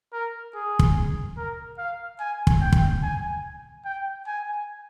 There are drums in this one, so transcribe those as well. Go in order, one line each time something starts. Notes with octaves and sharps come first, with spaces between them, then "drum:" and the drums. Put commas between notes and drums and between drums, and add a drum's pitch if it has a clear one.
A#4
G#4
drum: kick
A#4
F5
G#5
drum: kick
G5
drum: kick
G#5
G5
G#5